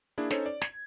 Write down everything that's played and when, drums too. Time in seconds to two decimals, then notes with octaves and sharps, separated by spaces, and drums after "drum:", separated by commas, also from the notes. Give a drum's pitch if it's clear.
0.18 A#3 D4 E4 G#4
0.31 C#4 D#4 A4 C5 C#5, drum: snare
0.46 D5
0.62 G#6, drum: snare